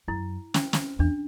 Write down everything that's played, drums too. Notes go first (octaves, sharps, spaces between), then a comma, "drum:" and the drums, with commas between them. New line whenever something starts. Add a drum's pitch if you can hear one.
F#2 E4
C#4, drum: snare
drum: snare
E2 D4